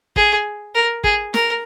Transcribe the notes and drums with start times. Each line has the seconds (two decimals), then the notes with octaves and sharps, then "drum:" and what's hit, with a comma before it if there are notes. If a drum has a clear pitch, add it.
0.16 G#4, drum: kick
0.75 A#4
1.04 G#4, drum: kick
1.34 A#4, drum: snare